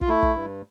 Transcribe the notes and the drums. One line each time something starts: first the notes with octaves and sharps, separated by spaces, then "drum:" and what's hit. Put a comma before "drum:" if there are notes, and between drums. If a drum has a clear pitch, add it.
F4, drum: kick
A3 E4
drum: kick
G2